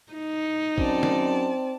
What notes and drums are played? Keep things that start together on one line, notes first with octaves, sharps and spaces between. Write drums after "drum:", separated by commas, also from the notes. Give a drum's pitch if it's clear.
D#4
F#2 C4 D5 A5, drum: kick
drum: snare